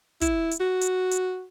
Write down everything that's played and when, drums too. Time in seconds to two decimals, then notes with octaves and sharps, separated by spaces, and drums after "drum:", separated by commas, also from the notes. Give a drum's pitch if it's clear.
0.21 E4, drum: kick, hi-hat
0.51 drum: hi-hat
0.61 F#4
0.81 drum: hi-hat
1.11 drum: hi-hat